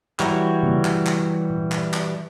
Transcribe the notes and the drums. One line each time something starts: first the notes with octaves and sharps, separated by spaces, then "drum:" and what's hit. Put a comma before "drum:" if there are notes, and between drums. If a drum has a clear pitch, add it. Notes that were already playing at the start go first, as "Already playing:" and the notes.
E3 G3 F#4 C#5 A#5, drum: clap
drum: tom C#3
drum: clap
drum: clap
drum: tom A#2
drum: clap
drum: clap